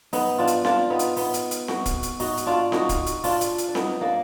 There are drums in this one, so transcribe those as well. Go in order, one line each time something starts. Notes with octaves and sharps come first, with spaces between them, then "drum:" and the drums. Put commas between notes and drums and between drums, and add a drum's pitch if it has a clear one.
B3 D#4, drum: open hi-hat
D4 F4
drum: hi-hat
D4 F4, drum: snare C4
B3 D#4
drum: hi-hat
B3 D#4, drum: open hi-hat
drum: hi-hat
drum: hi-hat
D#4 F#4, drum: snare C4
drum: kick, hi-hat
drum: hi-hat
D#4 F#4, drum: open hi-hat
drum: hi-hat
D4 F4
D#4 F#4, drum: snare C4
drum: kick, hi-hat
drum: hi-hat
D4 F4, drum: open hi-hat
drum: hi-hat
drum: hi-hat
D4
B3 D#4, drum: snare C4
A#3 D4